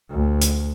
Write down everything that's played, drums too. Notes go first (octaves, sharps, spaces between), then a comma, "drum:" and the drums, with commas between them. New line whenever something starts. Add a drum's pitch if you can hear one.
D2
drum: hi-hat